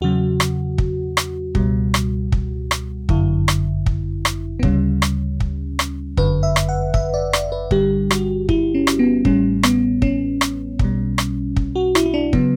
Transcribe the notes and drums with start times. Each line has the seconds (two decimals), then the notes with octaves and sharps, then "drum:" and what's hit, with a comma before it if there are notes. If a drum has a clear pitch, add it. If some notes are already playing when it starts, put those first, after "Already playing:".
0.01 E2 C#3 F#3 F#4
0.40 drum: rim click
0.78 drum: kick
1.17 drum: rim click
1.55 C#2 B2 G3, drum: kick
1.94 drum: rim click
2.32 drum: kick
2.71 drum: rim click
3.09 G1 F#2 D3 E4, drum: kick
3.48 drum: rim click
3.86 drum: kick
4.25 drum: rim click
4.59 B3
4.63 D2 C#3 G3 C#4, drum: kick
5.02 drum: rim click
5.40 drum: kick
5.79 drum: rim click
6.17 G1 F#2 D3 B4, drum: kick
6.43 E5
6.56 drum: rim click
6.69 F#5
6.94 E5, drum: kick
7.14 D5
7.33 D5, drum: rim click
7.52 B4
7.71 G1 G2 D3 G3 G4, drum: kick
8.11 F#4, drum: rim click
8.49 E4, drum: kick
8.74 C#4
8.87 drum: rim click
8.99 B3
9.25 A1 A2 G3 C#4, drum: kick
9.63 B3, drum: rim click
10.02 C#4, drum: kick
10.41 drum: rim click
10.79 B1 B2 G3, drum: kick
11.18 drum: rim click
11.56 drum: kick
11.75 F#4
11.95 E4, drum: rim click
12.06 E4
12.14 D4
12.33 C#3 F#3 B3, drum: kick